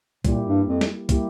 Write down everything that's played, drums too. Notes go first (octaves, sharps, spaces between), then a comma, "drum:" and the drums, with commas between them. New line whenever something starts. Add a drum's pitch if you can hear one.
A#2 G3 A#3 E4 G4, drum: kick, hi-hat
G2
F2
drum: snare
G3 A#3 E4 G4, drum: kick, hi-hat